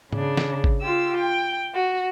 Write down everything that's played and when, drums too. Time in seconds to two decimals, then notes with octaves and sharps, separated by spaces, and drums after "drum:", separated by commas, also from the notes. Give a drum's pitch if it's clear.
0.12 C#3 D4, drum: tom G#2
0.37 drum: snare
0.64 drum: kick G#1
0.81 F4 G4 E6
1.16 G5
1.75 F#4